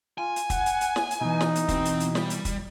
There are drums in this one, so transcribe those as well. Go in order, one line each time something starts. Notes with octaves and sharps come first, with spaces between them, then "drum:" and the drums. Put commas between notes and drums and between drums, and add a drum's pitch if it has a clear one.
F4 G#5
drum: hi-hat
F#5, drum: kick, hi-hat
drum: hi-hat
drum: hi-hat
drum: snare
drum: hi-hat
B2 E3 D#4
drum: snare
drum: hi-hat
C4, drum: kick, hi-hat
drum: hi-hat
drum: hi-hat
G3, drum: snare
drum: hi-hat
drum: kick, hi-hat